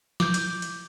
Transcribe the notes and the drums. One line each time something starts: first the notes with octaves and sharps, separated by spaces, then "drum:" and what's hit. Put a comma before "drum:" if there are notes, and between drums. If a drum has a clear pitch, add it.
D6 G6, drum: snare
drum: hi-hat
drum: hi-hat